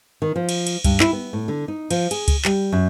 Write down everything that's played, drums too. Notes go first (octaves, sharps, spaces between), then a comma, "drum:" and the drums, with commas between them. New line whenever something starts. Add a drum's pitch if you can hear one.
D#3
F3
drum: cymbal
drum: cymbal
G2, drum: kick C#2, cymbal
E4, drum: clap
B3
A2
D3
D#4
F3, drum: cymbal
G#4, drum: cymbal
drum: kick C#2, cymbal
G3, drum: clap
F#2